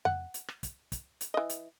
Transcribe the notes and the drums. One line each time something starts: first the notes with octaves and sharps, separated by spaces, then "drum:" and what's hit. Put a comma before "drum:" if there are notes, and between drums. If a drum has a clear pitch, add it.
F#5, drum: tom F2
drum: hi-hat
drum: rim click
drum: kick, hi-hat
drum: kick, hi-hat
drum: hi-hat
E3 D#5
drum: hi-hat